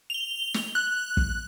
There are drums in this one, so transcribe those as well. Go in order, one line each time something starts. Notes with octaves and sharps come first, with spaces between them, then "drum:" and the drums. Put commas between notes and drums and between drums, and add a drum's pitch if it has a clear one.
F7 G7
drum: snare
F#6
drum: kick